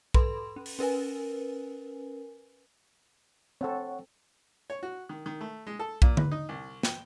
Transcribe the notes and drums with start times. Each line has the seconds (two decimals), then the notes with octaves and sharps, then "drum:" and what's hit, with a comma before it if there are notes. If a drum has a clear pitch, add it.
0.14 A4 B4 B5 C6, drum: kick B1
0.56 C#4
0.66 drum: open hi-hat
0.79 C#4 A#4 B4 G#5
3.61 C4 A4 C#5 F#5 C#6
4.70 C#5
4.83 F#4
5.09 D#3
5.26 D#3
5.41 A3
5.67 G#3
5.79 A4
6.02 A#2, drum: kick B1
6.17 B4, drum: tom D3
6.31 D#4
6.49 C2
6.83 G5, drum: snare